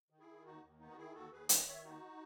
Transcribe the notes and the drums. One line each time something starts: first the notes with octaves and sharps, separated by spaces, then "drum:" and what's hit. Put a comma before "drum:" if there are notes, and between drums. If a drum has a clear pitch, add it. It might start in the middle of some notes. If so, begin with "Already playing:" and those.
D#3
E4 G#4
D#3
D#2 D#4 F#4
D#2
D#3 B3 D#4
F#4
D#3 E4 G#4
D#2 F#4 A4
D#2 G#4 B4
D#3 B4 D#5, drum: hi-hat
D#3 C#5 E5
D#2 D#4 F#4